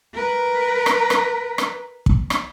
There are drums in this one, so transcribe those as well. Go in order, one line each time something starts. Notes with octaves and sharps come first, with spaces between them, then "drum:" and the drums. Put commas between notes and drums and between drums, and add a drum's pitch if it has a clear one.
A#4 B4
drum: rim click
drum: rim click
drum: rim click
drum: kick
drum: rim click